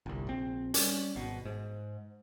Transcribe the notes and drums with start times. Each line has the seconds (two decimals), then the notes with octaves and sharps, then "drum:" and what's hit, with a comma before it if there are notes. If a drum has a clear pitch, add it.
0.06 G1 C2
0.27 A#1 C4
0.74 G3 C#4, drum: hi-hat
1.16 G#1 B2
1.45 G#2